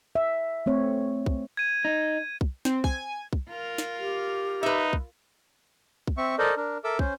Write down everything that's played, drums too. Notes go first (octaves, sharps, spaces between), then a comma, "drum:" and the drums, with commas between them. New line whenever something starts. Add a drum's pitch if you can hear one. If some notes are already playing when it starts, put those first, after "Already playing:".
E5
A3 C4 C#5
drum: kick
G#6 D#7
D#4
drum: kick
C4, drum: snare
G#5, drum: kick
drum: kick
F4 A#4
drum: snare
G4
D#4 B4 E5
drum: kick
drum: kick
C4 E5 C#6
A4 A#4 C5 D5 D#5
D4 A#4
A4 A#4 E5 D6 E6
C#4 C5, drum: kick